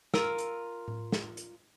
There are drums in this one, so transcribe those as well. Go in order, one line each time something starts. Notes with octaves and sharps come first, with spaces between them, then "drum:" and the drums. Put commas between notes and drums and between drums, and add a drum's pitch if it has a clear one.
F4 A#4 E6, drum: snare
drum: hi-hat
drum: tom A2
drum: snare
drum: hi-hat